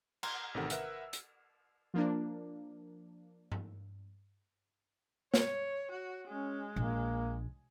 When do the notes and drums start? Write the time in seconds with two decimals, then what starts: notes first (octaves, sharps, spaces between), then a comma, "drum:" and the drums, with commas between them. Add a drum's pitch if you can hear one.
0.23 A#5 C6 F6, drum: cymbal
0.54 A1 C3 D#3 A4 F#5
0.70 A#4 B4 E5 F#5 E6, drum: hi-hat
1.13 drum: hi-hat
1.94 F3 A#3 D4
3.52 drum: tom G2
5.34 C#5, drum: snare
5.91 F#4
6.28 G#3 C#4
6.76 A#1 A#3